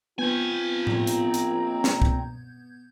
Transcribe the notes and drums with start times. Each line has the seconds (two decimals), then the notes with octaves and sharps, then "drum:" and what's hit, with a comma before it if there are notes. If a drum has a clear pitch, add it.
0.19 B3 C4 F4 G#5 G6 G#6
0.87 A#1 A#5, drum: tom A2
1.07 drum: hi-hat
1.34 drum: hi-hat
1.84 drum: snare
2.02 drum: kick C2